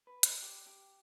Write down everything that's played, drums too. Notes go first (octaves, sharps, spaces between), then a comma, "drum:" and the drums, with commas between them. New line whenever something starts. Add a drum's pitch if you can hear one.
B4
drum: hi-hat
G4
G4